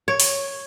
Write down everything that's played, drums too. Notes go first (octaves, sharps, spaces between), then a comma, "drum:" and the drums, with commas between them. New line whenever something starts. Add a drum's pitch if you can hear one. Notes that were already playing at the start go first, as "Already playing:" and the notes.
C#5
drum: open hi-hat